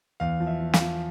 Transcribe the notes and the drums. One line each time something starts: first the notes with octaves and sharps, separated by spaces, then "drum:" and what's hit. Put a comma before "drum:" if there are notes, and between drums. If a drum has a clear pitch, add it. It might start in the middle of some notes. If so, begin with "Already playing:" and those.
E2 F5
F3
E5
F3
F5, drum: snare
F3